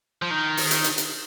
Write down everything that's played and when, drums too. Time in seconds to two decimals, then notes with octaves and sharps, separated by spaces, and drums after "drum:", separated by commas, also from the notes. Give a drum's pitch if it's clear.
0.22 F3
0.31 D#3
0.57 drum: open hi-hat
0.71 drum: hi-hat
0.84 drum: hi-hat
0.98 drum: hi-hat